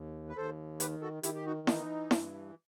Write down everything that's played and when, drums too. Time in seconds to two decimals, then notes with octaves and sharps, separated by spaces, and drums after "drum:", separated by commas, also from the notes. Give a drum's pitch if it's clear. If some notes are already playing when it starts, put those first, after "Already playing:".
Already playing: D#2
0.29 B4
0.36 D#2 A4 C5
0.80 D#3 G4 B4, drum: hi-hat
1.01 F#4 A4
1.23 D#3 E4 G4, drum: hi-hat
1.35 G4
1.46 D#4 F#4
1.67 E3 D#4, drum: snare E4
2.11 G2, drum: snare E4